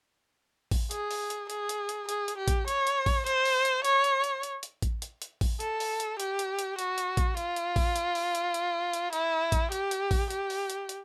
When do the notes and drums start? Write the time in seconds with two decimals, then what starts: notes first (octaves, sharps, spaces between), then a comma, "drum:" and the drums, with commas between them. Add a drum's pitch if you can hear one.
0.71 drum: kick A1, open hi-hat
0.91 G#4, drum: hi-hat
1.11 drum: open hi-hat
1.30 drum: hi-hat
1.50 G#4, drum: hi-hat
1.69 drum: hi-hat
1.89 drum: hi-hat
2.09 G#4, drum: hi-hat
2.28 drum: hi-hat
2.38 G4
2.48 drum: kick A1, hi-hat
2.68 C#5, drum: hi-hat
2.87 drum: hi-hat
3.06 drum: kick A1, open hi-hat
3.26 C5, drum: hi-hat
3.45 drum: open hi-hat
3.65 drum: hi-hat
3.85 C#5, drum: hi-hat
4.04 drum: hi-hat
4.24 drum: hi-hat
4.43 drum: hi-hat
4.63 drum: hi-hat
4.82 drum: kick A1, hi-hat
5.02 drum: hi-hat
5.22 drum: hi-hat
5.41 drum: kick A1, open hi-hat
5.60 A4, drum: hi-hat
5.80 drum: open hi-hat
6.00 drum: hi-hat
6.20 G4, drum: hi-hat
6.39 drum: hi-hat
6.59 drum: hi-hat
6.79 F#4, drum: hi-hat
6.98 drum: hi-hat
7.17 drum: kick A1, hi-hat
7.37 F4, drum: hi-hat
7.56 drum: hi-hat
7.76 drum: kick A1, open hi-hat
7.96 drum: hi-hat
8.15 drum: open hi-hat
8.35 drum: hi-hat
8.54 drum: hi-hat
8.93 drum: hi-hat
9.13 E4, drum: hi-hat
9.52 drum: kick A1, hi-hat
9.72 G4, drum: hi-hat
9.91 drum: hi-hat
10.11 drum: kick A1, open hi-hat
10.30 G4, drum: hi-hat
10.50 drum: open hi-hat
10.70 drum: hi-hat
10.89 drum: hi-hat